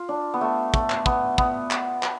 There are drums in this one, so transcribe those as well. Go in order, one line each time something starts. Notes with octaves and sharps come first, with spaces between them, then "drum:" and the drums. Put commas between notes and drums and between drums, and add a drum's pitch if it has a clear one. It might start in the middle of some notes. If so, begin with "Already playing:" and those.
Already playing: F4
D4
B3
A3
A3, drum: kick
drum: clap
B3, drum: kick
B3, drum: kick
drum: clap
drum: clap